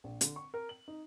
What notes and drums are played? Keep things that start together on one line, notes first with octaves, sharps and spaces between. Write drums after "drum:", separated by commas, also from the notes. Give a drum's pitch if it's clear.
A#1
D3, drum: hi-hat
C#6
A#4
F#7
D#4